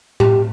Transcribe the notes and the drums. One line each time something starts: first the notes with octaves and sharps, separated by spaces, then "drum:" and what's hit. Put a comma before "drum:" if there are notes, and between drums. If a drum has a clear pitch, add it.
G4, drum: tom A2